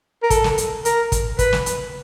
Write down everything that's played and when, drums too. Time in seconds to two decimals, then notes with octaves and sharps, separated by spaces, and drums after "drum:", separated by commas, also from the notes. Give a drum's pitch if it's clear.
0.23 A#4
0.30 A4, drum: kick, hi-hat
0.44 drum: snare
0.58 drum: hi-hat
0.85 A#4, drum: hi-hat
1.12 drum: kick, hi-hat
1.39 B4, drum: kick, hi-hat
1.53 drum: snare
1.66 drum: hi-hat